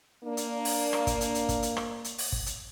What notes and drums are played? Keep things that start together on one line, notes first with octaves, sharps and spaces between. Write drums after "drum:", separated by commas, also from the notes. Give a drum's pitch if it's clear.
A#3 D4
drum: hi-hat
drum: open hi-hat
drum: rim click
drum: kick, hi-hat
drum: hi-hat
drum: hi-hat
drum: kick, hi-hat
drum: hi-hat
drum: rim click
drum: hi-hat
drum: open hi-hat
drum: kick
drum: hi-hat